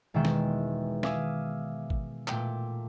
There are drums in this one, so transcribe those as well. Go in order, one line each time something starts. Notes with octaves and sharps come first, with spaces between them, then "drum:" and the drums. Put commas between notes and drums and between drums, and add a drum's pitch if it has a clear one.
E1 B2 D#3 G#3 E5 G5
drum: snare
E5 F5 G#5 D6 D#6, drum: snare
drum: kick G#1
A#2 A3 G5 D6, drum: clap